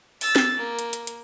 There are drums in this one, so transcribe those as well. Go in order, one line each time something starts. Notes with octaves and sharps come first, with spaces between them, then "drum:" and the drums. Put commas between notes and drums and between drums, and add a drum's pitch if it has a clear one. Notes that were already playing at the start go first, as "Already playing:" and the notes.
E6 A6, drum: open hi-hat
drum: snare
A#3
drum: hi-hat
drum: hi-hat
drum: hi-hat